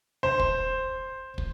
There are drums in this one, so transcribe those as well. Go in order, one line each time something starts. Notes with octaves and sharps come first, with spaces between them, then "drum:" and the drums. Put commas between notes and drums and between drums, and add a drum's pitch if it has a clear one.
C5
drum: kick
drum: kick